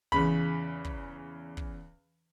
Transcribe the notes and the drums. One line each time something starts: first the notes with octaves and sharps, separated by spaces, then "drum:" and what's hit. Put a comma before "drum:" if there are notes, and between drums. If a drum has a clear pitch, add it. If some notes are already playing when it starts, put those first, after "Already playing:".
E2 C#3 B5, drum: kick
drum: kick
drum: kick